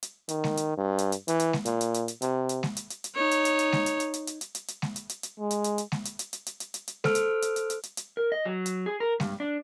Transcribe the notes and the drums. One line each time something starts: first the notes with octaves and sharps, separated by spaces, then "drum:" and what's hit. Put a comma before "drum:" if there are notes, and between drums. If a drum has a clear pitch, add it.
drum: hi-hat
D#3, drum: hi-hat
drum: snare G#3
drum: hi-hat
G2
drum: hi-hat
drum: hi-hat
E3, drum: hi-hat
drum: hi-hat
drum: snare G#3
A#2, drum: hi-hat
drum: hi-hat
drum: hi-hat
drum: hi-hat
C3, drum: hi-hat
drum: hi-hat
drum: snare G#3
drum: hi-hat
drum: hi-hat
drum: hi-hat
D#4 C#5
drum: hi-hat
drum: hi-hat
drum: hi-hat
drum: snare G#3
drum: hi-hat
drum: hi-hat
drum: hi-hat
drum: hi-hat
drum: hi-hat
drum: hi-hat
drum: hi-hat
drum: snare G#3
drum: hi-hat
drum: hi-hat
drum: hi-hat
G#3
drum: hi-hat
drum: hi-hat
drum: hi-hat
drum: snare G#3
drum: hi-hat
drum: hi-hat
drum: hi-hat
drum: hi-hat
drum: hi-hat
drum: hi-hat
drum: hi-hat
A4 C5 E6 F6 D7, drum: snare G#3
drum: hi-hat
drum: hi-hat
drum: hi-hat
drum: hi-hat
drum: hi-hat
drum: hi-hat
A#4
D#5
F#3
drum: hi-hat
G#4
A#4
G2, drum: snare G#3
D4